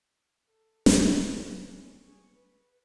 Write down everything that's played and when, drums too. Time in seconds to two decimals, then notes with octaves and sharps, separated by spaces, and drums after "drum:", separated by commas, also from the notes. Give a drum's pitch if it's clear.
0.47 A4
0.86 A#4 C5, drum: snare
1.28 G#3 F4
1.64 C#4
2.01 G#4 C#6
2.31 B4